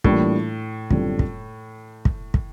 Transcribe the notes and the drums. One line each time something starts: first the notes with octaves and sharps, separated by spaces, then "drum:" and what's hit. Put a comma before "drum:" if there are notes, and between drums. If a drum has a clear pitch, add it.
A2 E3 G3 A#3 D4 F4, drum: kick
F#2 D3 G3 C4 F4, drum: kick
drum: kick
drum: kick
drum: kick